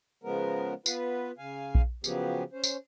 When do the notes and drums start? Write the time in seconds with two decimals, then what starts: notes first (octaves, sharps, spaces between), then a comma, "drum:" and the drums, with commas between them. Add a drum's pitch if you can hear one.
0.24 C#3 F3 G#3 B3 A#4
0.86 B3 F4 B4, drum: tambourine
1.38 C#3 F5 G#5
1.75 drum: kick A#1
2.04 C#3 F3 F#3 B3 G4 G#4, drum: tambourine
2.52 C#4 C5
2.64 drum: tambourine